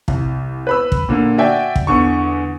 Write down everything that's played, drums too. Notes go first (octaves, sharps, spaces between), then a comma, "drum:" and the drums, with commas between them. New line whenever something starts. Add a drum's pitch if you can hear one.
C2, drum: kick
B4 B5 E6
drum: kick
A#2 D3 A#3
F#4 D5 E5 G5 G#5
drum: kick
E2 D3 C#6